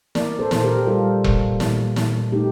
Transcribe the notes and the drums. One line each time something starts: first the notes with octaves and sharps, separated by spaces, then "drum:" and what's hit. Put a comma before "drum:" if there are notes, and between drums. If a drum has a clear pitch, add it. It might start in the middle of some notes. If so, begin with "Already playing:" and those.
A#3 A#4 D5, drum: snare
A4 C5
A#2 C5, drum: snare
G4 A#4
G3 F4 A4
A#2, drum: kick E1
A#2, drum: snare
A#2, drum: snare
A3 D#4 G4